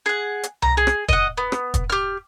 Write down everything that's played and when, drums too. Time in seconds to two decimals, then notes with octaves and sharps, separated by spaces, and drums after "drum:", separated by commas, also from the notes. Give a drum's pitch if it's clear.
0.06 G#4 F#5
0.43 drum: hi-hat
0.62 A#5, drum: tom C2
0.77 G#4
0.87 drum: rim click
1.09 D#5 F#5, drum: kick
1.37 B3
1.52 drum: rim click
1.74 drum: kick, hi-hat
1.90 G4 F6